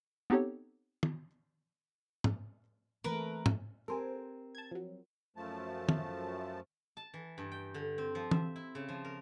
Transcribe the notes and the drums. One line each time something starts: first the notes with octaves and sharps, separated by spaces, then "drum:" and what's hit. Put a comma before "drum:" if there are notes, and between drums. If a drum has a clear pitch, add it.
B3 C4 D#4 G4 A4 C#5
drum: tom
drum: tom
E3 A3 A#3 C4 A#4 B4
drum: tom
C4 G4 A4 A#4 C5 G#5
A5 G#6
F3 F#3
F#2 F3 A3 A5
drum: tom
A5
E3
G2
G5
D3
C4
F3
E5, drum: tom E3
E4
C#3
F3
A#4